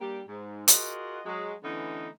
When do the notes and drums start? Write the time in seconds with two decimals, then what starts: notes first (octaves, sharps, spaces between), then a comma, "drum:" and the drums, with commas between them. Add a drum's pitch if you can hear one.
0.01 G3 A#3 D4 G4
0.28 G#2
0.68 F4 F#4 G#4 A#4 D#5 F#5, drum: hi-hat
1.26 F#3 G#3
1.63 D3 E3 A3 B3 C#4 D#4